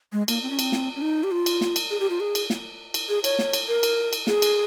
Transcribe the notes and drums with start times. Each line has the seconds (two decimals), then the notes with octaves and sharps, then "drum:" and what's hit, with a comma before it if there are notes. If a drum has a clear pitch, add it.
0.13 G#3
0.28 A#3, drum: cymbal
0.43 C4
0.50 C#4
0.59 C4, drum: cymbal
0.72 drum: snare
0.96 C#4
1.02 D#4
1.24 G4
1.31 F4
1.46 drum: cymbal
1.61 drum: snare
1.76 drum: cymbal
1.90 G#4
2.00 G4
2.10 F4
2.20 G#4
2.35 drum: cymbal
2.50 drum: snare
2.94 drum: cymbal
3.09 G#4
3.24 C#5, drum: cymbal
3.39 drum: snare
3.53 drum: cymbal
3.68 A#4
3.83 drum: cymbal
4.13 drum: cymbal
4.27 G#4, drum: snare
4.42 drum: cymbal